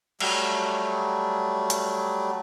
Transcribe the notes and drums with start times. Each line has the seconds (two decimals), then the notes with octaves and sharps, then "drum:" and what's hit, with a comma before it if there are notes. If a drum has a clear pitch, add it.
0.20 F#3 G3 A3, drum: cymbal
1.70 drum: hi-hat